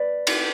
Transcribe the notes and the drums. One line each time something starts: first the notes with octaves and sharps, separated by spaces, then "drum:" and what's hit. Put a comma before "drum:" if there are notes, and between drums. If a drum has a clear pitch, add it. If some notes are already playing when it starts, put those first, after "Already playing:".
Already playing: B4 D5
drum: cymbal